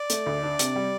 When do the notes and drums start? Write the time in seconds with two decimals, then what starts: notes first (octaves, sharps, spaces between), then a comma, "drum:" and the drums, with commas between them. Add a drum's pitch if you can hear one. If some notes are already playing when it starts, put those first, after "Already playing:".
Already playing: D5
0.10 A3, drum: hi-hat
0.26 D2
0.43 D4
0.59 C3, drum: hi-hat
0.76 G3